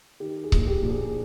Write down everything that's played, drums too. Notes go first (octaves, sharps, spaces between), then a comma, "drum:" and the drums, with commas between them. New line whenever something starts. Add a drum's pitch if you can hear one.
D#3 G4
G#4
A#1, drum: kick C#1
G4
A#1
G#4